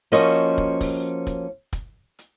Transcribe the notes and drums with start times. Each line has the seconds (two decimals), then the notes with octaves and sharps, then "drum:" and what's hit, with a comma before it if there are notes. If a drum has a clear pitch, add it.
0.12 F3 A#3 C#4 F#4 C5 D#5
0.35 drum: hi-hat
0.58 drum: kick
0.81 drum: kick, open hi-hat
1.27 drum: kick, hi-hat
1.73 drum: kick, hi-hat
2.19 drum: hi-hat